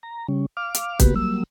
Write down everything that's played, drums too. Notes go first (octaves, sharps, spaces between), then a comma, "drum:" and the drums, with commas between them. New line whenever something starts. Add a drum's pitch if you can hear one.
A#5
C#3 G3 C#4
F5 D6 F6
drum: hi-hat
C#3 A#3 B3 F#4 G4 B4, drum: kick, hi-hat
F#3 G3 A#3 E6